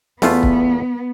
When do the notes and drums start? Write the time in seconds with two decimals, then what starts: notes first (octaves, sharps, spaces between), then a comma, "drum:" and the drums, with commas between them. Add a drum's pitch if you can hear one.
0.22 E2 A3 B3 F4, drum: snare
0.43 drum: kick